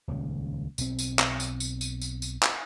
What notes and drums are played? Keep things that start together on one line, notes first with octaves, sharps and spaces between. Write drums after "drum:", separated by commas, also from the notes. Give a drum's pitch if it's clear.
D#1 C#2 C#3
B1 C4, drum: tambourine
drum: tambourine
drum: clap
drum: tambourine
drum: tambourine
drum: tambourine
drum: tambourine
drum: tambourine
drum: clap